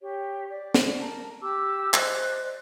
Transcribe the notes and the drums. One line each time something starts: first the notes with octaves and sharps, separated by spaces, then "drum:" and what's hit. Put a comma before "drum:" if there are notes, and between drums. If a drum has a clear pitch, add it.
G4 C#5
D5
drum: snare
A#4 A5 A#5
G4 D6 E6
C5 D5 D#5 F#6, drum: clap